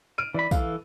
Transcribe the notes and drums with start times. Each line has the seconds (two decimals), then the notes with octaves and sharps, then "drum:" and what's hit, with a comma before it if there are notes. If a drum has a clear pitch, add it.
0.18 F6 D7 D#7
0.35 E3 D5 B5
0.51 E3 A4 F5, drum: kick, tambourine